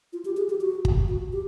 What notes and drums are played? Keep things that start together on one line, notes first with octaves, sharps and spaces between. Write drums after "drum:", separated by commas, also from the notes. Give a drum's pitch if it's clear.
F4
G4
G#4
G4
F#4
drum: kick
F#4
G4